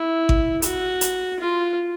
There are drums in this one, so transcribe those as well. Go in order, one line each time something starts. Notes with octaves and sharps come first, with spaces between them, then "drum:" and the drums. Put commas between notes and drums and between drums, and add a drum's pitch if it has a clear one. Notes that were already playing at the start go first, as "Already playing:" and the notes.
Already playing: E4
drum: kick G#1
F#4, drum: hi-hat
drum: hi-hat
F4